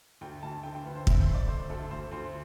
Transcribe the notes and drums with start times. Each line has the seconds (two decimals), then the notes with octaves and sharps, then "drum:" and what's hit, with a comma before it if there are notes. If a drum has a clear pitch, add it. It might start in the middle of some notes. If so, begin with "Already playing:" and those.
0.21 D2 G5
0.43 D2 A5
0.63 D3 G5
0.75 G5
0.85 D2 B4
0.95 C5
1.07 C4 E5, drum: kick
1.20 C5
1.28 A3
1.34 D5
1.48 A3 C5
1.70 D2 A4
1.91 D2 C5
2.11 D2 C5